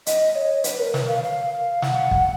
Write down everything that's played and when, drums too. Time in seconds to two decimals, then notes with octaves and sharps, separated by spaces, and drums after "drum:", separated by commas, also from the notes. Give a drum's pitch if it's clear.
0.06 D#5, drum: hi-hat
0.35 C#5
0.64 B4, drum: hi-hat
0.79 A#4
0.94 drum: snare
1.08 F5
1.24 F5
1.82 F#5, drum: snare
2.11 drum: kick